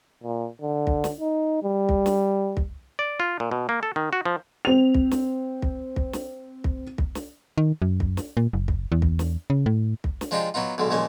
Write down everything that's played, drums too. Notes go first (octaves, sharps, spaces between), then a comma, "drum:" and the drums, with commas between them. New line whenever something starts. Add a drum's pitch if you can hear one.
A#2
D3
drum: kick
drum: snare
D#4
G3
drum: kick
drum: snare
drum: kick
D5
F4
A#2
B2
A#3
A4
D#3
F#4
F3
C4 F7
drum: kick
drum: snare
drum: kick
drum: kick
drum: snare
drum: kick
drum: kick
drum: snare
D#3
F#2
drum: kick
drum: snare
A#2
F#1
drum: kick
E2
drum: kick
drum: snare
C#3
A2
drum: kick
drum: snare
F3 G#3 D4 D#4 F4 G4
F#3 B3 D#4 F4
B1 D3 G#3
D#2 A#2 F3 G#3 C#4